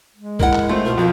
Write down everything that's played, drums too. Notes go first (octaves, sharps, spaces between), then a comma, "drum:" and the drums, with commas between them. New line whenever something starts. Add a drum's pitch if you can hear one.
G#3
E4 A#4 F#5, drum: kick C2
drum: clap
A3 C4 F4
B2 A#4
F2 B2 F3 F5